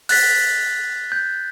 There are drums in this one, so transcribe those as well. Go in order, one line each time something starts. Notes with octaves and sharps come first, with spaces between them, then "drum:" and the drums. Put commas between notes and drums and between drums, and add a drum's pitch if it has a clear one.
F#6 A6 B6, drum: open hi-hat
G6